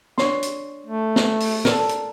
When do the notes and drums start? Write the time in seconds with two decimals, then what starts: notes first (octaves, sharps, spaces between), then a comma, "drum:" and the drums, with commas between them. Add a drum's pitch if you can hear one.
0.18 D4 C#5 C6, drum: snare
0.43 drum: hi-hat
0.87 A3
1.16 drum: snare
1.40 drum: open hi-hat
1.65 A4 A#4 D5, drum: snare
1.89 drum: hi-hat